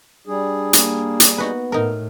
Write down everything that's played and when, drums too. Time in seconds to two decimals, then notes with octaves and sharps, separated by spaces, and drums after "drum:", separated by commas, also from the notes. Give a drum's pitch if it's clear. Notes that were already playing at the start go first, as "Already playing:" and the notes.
0.27 G3 D4 G#4
0.73 A#3, drum: hi-hat
1.20 drum: hi-hat
1.38 B3 D#4 F#4 B4
1.72 A2 D#4 A#4